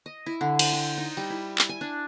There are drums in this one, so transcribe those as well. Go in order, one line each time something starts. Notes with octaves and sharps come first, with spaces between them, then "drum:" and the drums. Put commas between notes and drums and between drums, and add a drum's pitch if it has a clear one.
D#5
E4
D3
C5, drum: cymbal
G5
D#4
G3
E4
drum: clap
G#5
D4